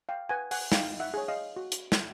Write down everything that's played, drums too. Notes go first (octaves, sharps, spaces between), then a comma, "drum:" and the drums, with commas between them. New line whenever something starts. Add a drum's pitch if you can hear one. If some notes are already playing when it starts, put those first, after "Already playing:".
F5 G5
B4 F#5 G#5
F#5 G#5, drum: open hi-hat
D#4 F5 G5, drum: snare
E5 F#5
G#4 C#5
D#5 F5
F#4
drum: hi-hat
drum: snare